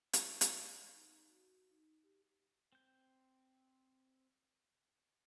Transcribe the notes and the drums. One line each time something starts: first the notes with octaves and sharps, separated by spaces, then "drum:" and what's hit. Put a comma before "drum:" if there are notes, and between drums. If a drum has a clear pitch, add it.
D#4, drum: hi-hat
D5, drum: hi-hat
D#4
F#4
D#4
G4
C4 G6